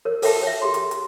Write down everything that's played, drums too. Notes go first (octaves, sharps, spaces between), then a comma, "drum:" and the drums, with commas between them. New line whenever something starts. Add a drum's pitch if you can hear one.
A#4 C#5
A4 A#4 C#5 E5 G5 A5, drum: open hi-hat
C#5 E5
G4 G#4 C6
drum: hi-hat
drum: hi-hat